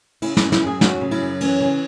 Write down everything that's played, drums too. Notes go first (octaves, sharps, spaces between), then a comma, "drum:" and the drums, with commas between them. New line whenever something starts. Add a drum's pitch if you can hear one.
C#3 E4, drum: cymbal
E4, drum: snare
F#2
E4, drum: snare
F#2 G#4
F#3 F#4, drum: snare
C#3
E4, drum: cymbal
F#2
E3 C#4, drum: cymbal
C#3